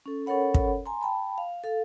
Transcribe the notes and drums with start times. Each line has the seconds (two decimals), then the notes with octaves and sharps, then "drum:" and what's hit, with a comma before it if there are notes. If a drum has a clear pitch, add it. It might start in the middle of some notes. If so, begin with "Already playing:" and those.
0.06 C#4 A4
0.26 C#4 A4 A#4 C#5 F#5 B5
0.54 drum: kick
0.86 G#5 A#5 C6
1.01 G5 A5 B5
1.38 F5
1.64 A4 F5